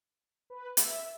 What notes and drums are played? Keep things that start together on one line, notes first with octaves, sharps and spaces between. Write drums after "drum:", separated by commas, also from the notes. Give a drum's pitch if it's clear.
B4
E5, drum: hi-hat